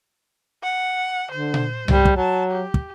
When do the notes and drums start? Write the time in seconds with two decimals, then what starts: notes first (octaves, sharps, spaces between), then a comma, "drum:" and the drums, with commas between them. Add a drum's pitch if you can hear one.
0.63 F#5
1.31 D3 C5
1.54 drum: tom A#2
1.88 G3, drum: tom C2
2.05 drum: kick
2.16 F#3 A5
2.50 G4
2.74 drum: kick